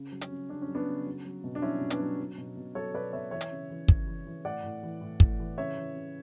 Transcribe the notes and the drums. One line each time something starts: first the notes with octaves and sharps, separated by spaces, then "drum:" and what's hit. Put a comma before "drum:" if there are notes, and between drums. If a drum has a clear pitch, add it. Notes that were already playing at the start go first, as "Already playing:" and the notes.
Already playing: C#3
F#3
C#4, drum: hi-hat
C#3
C#3 D4
C#4
F#3
B3 D4
C#3
F#3
F#3
B2
D4
F#3 C#4 E4
B2
B3 D4, drum: hi-hat
F#3
F#3
B2
B2
F#3 A4 C#5
B2 B4 D5
B2 C#5 E5
E3 C#5 E5
drum: hi-hat
C#3
E3
C#3, drum: kick
E3
E3
A2 D5 F#5
A2
E3
A2
A2, drum: kick
E3
C#3 C#5 E5
E3
C#3